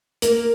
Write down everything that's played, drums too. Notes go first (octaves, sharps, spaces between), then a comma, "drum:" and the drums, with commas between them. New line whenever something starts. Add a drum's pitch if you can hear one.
A#3, drum: hi-hat